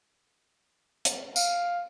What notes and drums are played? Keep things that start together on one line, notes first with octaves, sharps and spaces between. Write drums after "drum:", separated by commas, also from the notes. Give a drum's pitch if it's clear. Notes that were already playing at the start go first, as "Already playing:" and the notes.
drum: hi-hat
F5, drum: tambourine